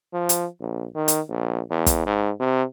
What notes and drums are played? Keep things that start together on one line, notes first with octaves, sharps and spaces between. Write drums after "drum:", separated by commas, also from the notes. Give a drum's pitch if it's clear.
F3
drum: hi-hat
A#1
D#3
drum: hi-hat
A#1
E2
drum: kick, hi-hat
G#2
C3